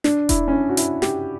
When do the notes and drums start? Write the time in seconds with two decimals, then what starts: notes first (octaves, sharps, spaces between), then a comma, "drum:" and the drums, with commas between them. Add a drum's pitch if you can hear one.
0.04 D4, drum: snare
0.29 E4, drum: kick E1, hi-hat
0.48 C#4
0.53 D4
0.69 F#4
0.77 E4, drum: hi-hat
1.02 G4, drum: snare